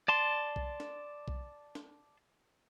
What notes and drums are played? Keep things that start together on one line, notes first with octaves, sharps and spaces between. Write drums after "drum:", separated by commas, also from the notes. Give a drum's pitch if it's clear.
D5 A5 C6
drum: kick B1
drum: snare
drum: kick B1
drum: snare